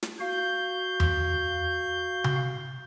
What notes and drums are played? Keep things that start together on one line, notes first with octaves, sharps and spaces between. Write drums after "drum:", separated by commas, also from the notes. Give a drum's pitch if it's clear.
drum: snare
F#4 F5 G6
drum: tom E2
drum: tom C3